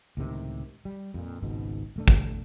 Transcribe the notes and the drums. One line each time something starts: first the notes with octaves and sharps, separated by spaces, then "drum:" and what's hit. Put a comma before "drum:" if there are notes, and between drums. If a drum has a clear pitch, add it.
C#2 A2 C3 D#3
G3
F2 A#2
G#1 C#2 G#2 B2
E1 A3 D4
drum: kick